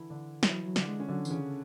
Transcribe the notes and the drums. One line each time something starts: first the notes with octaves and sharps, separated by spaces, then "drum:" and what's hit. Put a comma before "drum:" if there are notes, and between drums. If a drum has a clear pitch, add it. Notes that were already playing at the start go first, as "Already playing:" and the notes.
Already playing: D3 E3 D4 E4
D3 D4
E3 F#3 E4, drum: snare
F#3
D3 D4, drum: snare
G#3
C#4
D3 F#3 D4
E3, drum: tambourine
C#3 C#4
D3